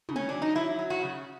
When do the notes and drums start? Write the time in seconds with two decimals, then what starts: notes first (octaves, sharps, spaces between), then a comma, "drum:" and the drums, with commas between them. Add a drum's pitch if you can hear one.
0.09 C#3, drum: tom
0.16 C#4
0.29 F#3 D4
0.42 D#4
0.55 F#3 E4
0.79 F#3
0.90 F#4
1.02 C#3